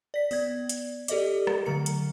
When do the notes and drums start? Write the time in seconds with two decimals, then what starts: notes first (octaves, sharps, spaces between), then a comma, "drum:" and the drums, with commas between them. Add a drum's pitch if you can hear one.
0.14 D5 B6
0.31 B3 D5 G#6, drum: open hi-hat
0.69 drum: hi-hat
1.08 G4 A4 D5 D#5 D6, drum: hi-hat
1.47 drum: rim click
1.66 D3 F#3 A3 A#5 C#7
1.86 drum: hi-hat